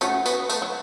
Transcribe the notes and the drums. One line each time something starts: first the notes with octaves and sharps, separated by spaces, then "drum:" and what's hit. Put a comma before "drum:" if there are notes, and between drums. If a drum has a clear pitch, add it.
A3 C#4 F#4 F#5, drum: tambourine
B3, drum: tambourine
A3, drum: tambourine
F#3